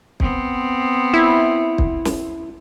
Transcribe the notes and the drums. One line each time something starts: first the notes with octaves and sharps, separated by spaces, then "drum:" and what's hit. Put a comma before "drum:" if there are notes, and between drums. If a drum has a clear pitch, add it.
B3 C4, drum: kick
E4
drum: kick
drum: snare